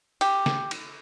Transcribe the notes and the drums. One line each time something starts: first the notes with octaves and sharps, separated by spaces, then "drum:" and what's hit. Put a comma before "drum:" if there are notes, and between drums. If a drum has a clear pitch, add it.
G4, drum: cymbal
drum: snare
drum: cymbal